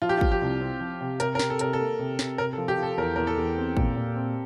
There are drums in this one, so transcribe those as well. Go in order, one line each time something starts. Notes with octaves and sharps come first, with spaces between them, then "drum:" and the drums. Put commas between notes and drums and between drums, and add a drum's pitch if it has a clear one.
F3 F4
G4
F4
F3, drum: kick
G4
C2
C4
F3
C3
C3 A#4, drum: hi-hat
A#4
C3, drum: snare
A4
C3 A#4, drum: hi-hat
A4
A#3
C3
C3, drum: snare
C3 A#4
A4
F3
G4
F3
A4
E2 A#4
E2 A#4
A4
E2
C4
A#2, drum: kick
A#2
C4